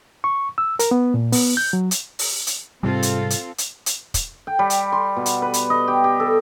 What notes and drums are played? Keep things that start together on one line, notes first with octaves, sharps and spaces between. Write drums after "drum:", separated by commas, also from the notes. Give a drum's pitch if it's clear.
C#6
E6
A#4, drum: hi-hat
B3
A#2
B3, drum: open hi-hat
G6
F#3
drum: hi-hat
drum: open hi-hat
drum: hi-hat
G#2 C3 G3 C4 F4 A4
drum: hi-hat
drum: hi-hat
drum: hi-hat
drum: hi-hat
drum: kick, hi-hat
G5
G3
drum: hi-hat
C6
B2
drum: hi-hat
B4
drum: hi-hat
D#5
G4
G4
A4